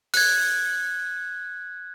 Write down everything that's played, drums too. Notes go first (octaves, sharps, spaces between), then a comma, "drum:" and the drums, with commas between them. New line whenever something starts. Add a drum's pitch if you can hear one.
F#6 G#6, drum: open hi-hat